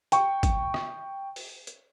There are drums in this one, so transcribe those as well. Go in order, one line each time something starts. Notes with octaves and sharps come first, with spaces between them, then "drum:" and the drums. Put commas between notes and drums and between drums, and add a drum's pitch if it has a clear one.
G5 C#6, drum: hi-hat
drum: kick G#1, hi-hat
drum: rim click
drum: open hi-hat
drum: hi-hat